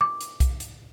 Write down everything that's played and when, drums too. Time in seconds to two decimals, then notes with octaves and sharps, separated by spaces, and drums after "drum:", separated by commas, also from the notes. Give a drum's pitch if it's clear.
0.01 D6
0.21 drum: hi-hat
0.40 drum: kick B1, hi-hat
0.60 drum: hi-hat